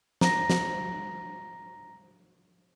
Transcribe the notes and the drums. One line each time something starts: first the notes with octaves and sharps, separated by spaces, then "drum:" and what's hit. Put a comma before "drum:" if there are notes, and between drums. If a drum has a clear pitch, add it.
A#5 A#6, drum: snare
drum: snare